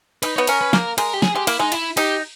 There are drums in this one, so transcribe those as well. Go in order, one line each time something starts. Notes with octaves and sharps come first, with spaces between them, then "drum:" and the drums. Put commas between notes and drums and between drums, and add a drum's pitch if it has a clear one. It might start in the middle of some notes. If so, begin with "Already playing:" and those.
D#4 B4, drum: cymbal
B3 C#5
C#4 A#4, drum: cymbal
B4
A#3 A#4, drum: snare
G#3 A#4, drum: cymbal
G4
G#4, drum: snare
G#3 G4
A#3 E4, drum: cymbal
G#3 D#4
E4, drum: cymbal
D#4 G4, drum: cymbal